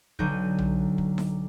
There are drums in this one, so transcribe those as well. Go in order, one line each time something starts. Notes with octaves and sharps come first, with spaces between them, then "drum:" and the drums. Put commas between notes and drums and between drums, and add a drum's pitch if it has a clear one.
B1 D3 F#3 D#4 G6, drum: kick
drum: tom B1
drum: kick
drum: snare D#4